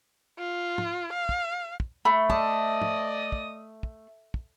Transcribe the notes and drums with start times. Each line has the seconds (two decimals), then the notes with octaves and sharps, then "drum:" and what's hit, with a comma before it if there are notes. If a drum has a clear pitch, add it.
0.38 F4
0.78 drum: tom
1.13 F5
1.29 drum: kick
1.80 drum: kick
2.05 A3 B5
2.30 D5 D#5 A5 D#6, drum: kick
2.82 drum: tom
3.32 drum: kick
3.83 drum: kick
4.34 drum: kick